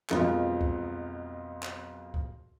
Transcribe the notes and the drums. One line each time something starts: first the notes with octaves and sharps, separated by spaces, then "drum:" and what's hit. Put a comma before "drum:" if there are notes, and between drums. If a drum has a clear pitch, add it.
B1 F2 F3 G#3 A#4, drum: clap
drum: kick C#2
drum: clap
drum: kick C#2